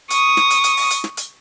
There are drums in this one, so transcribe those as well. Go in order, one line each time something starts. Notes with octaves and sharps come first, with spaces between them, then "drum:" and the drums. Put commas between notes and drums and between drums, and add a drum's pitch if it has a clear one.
C#6 D#6, drum: hi-hat
drum: snare
drum: hi-hat
drum: hi-hat
drum: open hi-hat
drum: hi-hat
drum: snare
drum: hi-hat